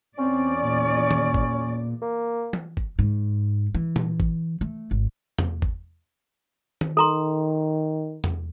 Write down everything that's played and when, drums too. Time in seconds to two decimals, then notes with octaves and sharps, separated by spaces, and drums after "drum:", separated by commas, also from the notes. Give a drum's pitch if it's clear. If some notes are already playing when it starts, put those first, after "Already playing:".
0.18 E2 C4 C#4 D5
0.63 A#2
1.11 drum: tom D#3
1.34 drum: kick
2.02 A#3
2.53 drum: tom
2.77 drum: kick
2.99 G#2
3.74 E3
3.96 drum: tom A#2
4.20 drum: kick
4.61 A3
4.91 G#1
5.39 drum: tom E2
5.62 drum: kick
6.81 drum: tom D#3
6.97 D#3 A4 A#5 C6
8.24 drum: tom E2